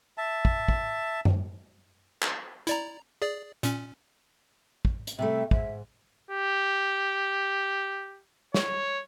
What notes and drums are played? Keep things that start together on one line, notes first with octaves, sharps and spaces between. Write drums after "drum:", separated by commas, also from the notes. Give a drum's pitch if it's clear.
E5 A5
drum: kick
drum: kick
drum: tom F#2
drum: clap
E4 D5 A#5, drum: hi-hat
G#4 D5
A#2 C#4, drum: hi-hat
drum: kick
drum: hi-hat
C3 G3 A3 E5
G#2 E5, drum: kick
G4
C#5, drum: snare